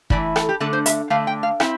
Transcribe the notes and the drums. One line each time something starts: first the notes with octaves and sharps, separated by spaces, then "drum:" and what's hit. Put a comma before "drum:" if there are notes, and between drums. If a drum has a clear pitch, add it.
E3 A3 E4 D5, drum: kick
A4, drum: rim click
G4
D3 A3 D4 A4
C5
E5, drum: hi-hat
D3 A3 D4 F5
G5
F5
C4 E4 E5, drum: rim click